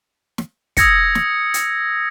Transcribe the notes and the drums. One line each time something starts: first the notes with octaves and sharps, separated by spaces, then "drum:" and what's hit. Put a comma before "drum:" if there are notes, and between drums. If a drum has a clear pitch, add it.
drum: snare
D#6 E6 G#6 A#6 C#7, drum: kick, hi-hat
drum: snare
drum: hi-hat